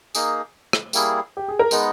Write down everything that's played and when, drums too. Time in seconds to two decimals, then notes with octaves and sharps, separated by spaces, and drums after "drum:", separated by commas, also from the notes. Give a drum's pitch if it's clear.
0.15 A#3 D#4 G#4, drum: tambourine
0.73 drum: rim click
0.93 G3 A#3 E4 G#4, drum: tambourine
1.37 G4
1.48 G#4
1.59 A#4
1.71 G#3 B3 D#4 G#4 B4, drum: tambourine